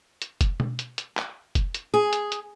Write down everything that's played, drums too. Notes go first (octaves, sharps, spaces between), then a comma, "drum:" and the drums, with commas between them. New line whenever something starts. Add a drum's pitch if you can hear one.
drum: hi-hat
drum: kick, hi-hat
drum: tom B2
drum: hi-hat
drum: hi-hat
drum: clap
drum: kick, hi-hat
drum: hi-hat
G#4
drum: hi-hat
drum: hi-hat